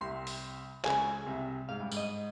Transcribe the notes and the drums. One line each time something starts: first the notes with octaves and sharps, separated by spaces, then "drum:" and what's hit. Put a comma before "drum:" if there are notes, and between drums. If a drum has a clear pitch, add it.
C2 C3 C6
drum: open hi-hat
C#2 C#3 G#5, drum: clap
C2 C3
G#2 F5
G2
G#2, drum: tambourine
D#5